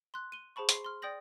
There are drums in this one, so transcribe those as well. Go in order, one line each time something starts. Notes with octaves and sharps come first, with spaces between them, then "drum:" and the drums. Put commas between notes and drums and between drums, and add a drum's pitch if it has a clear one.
C6 F#6
D#7 G7
G#4 C5 A5 B5 C#6
C6 C7, drum: hi-hat
C6 F6
D5 G5 D#6 G6 A#6 F#7